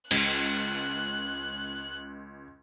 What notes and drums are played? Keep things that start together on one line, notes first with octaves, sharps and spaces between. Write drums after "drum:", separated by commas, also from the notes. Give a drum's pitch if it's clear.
C#2 F#6, drum: cymbal